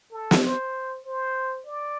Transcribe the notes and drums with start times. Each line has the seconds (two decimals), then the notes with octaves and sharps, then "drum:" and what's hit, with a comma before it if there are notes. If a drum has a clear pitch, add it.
0.12 A4
0.31 drum: snare
0.43 C5
1.05 C5
1.66 D5